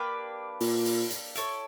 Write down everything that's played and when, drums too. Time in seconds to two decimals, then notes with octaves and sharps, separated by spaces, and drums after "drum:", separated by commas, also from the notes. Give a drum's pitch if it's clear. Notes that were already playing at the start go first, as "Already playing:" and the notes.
Already playing: A#3 D4 G4 B4
0.60 A#2, drum: open hi-hat
0.85 drum: open hi-hat
1.10 drum: hi-hat
1.35 E4 A4 C#5, drum: hi-hat